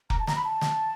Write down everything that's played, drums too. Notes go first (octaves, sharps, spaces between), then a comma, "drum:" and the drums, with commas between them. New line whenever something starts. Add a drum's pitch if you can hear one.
A#5, drum: kick F1
A5
A#5, drum: snare
B5
A5
drum: snare